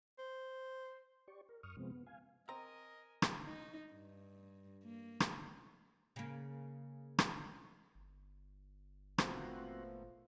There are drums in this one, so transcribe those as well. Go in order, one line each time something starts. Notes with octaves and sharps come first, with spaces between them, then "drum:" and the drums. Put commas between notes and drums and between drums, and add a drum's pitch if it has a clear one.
C5
G4 D5 C#6
A#4
F#2 C#6 D#6 F6
C3 F3 G#3 B3 C4
B3
F5 G#5
C4 A#4 D#5 G#5 A#5
drum: rim click
D#4
G2
A#3
drum: rim click
C#3 A#3
drum: rim click
G1
A#2 F3 A3 B3 C4 F#4, drum: rim click